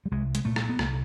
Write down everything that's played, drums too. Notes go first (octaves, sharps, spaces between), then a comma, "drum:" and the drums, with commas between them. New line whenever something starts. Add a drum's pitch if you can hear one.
G3
C2 G#3
G#3, drum: hi-hat
A#2 A3
drum: rim click
B3
C2 A#3, drum: rim click